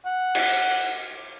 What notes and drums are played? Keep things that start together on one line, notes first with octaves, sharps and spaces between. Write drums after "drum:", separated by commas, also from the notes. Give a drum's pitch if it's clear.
F#5
drum: cymbal